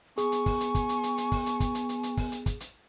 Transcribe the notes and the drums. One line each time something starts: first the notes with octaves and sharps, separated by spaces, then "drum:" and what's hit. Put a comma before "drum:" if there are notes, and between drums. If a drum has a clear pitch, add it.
B3 G#4 G#5 C#6, drum: hi-hat
drum: hi-hat
drum: kick, open hi-hat
drum: hi-hat
drum: kick, hi-hat
drum: hi-hat
drum: hi-hat
drum: hi-hat
drum: kick, open hi-hat
drum: hi-hat
drum: kick, hi-hat
drum: hi-hat
drum: hi-hat
drum: hi-hat
drum: kick, open hi-hat
drum: hi-hat
drum: kick, hi-hat
drum: hi-hat